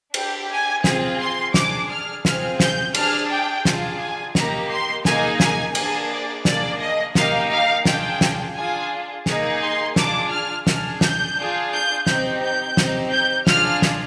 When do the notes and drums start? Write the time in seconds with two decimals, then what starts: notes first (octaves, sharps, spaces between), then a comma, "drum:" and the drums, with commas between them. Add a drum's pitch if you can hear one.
0.14 D4 G4 G5, drum: cymbal
0.50 G#5
0.84 C4 F4 G#4, drum: snare
1.20 C6
1.54 D4 G#4 D6, drum: snare
1.90 F6
2.25 C4 F4 G#4 F6, drum: snare
2.60 G6, drum: snare
2.95 D4 G#4 F6, drum: cymbal
3.30 G5
3.65 D4 F4 G#4, drum: snare
4.00 G#5
4.35 A#3 D#4 G4 A#5, drum: snare
4.70 C6
5.05 A#3 D#4 G#4 G#5, drum: snare
5.40 G#5, drum: snare
5.75 A#3 D4 G#4 G#5, drum: cymbal
6.11 D5
6.45 A#3 D4 G#4 D5, drum: snare
6.80 D#5
7.15 A#3 D#4 G4 F5, drum: snare
7.51 F5
7.85 D4 F4 G#4 G5, drum: snare
8.21 drum: snare
8.56 D4 F4 G#4 G#5
9.26 A#3 D#4 G#4, drum: snare
9.62 C6
9.96 D4 F4 G#4 D6, drum: snare
10.31 F6
10.67 D4 G#4 F6, drum: snare
11.01 G6, drum: snare
11.37 D4 F4 G#4
11.72 G6
12.07 C4 D#4 G4 G6, drum: snare
12.42 G6
12.77 C4 D#4 G4, drum: snare
13.12 G6
13.47 D4 F4 G#4 F6, drum: snare
13.82 drum: snare